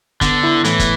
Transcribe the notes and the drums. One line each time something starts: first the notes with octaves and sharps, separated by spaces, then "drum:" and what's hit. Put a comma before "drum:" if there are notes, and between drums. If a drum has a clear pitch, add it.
D3 B3, drum: kick, hi-hat
E4
A2 E3, drum: hi-hat
drum: kick, hi-hat